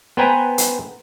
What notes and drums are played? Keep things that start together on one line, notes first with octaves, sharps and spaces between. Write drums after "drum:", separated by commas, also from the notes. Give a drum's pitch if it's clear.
B3 B4 C5 G5 G#5 A#5
drum: hi-hat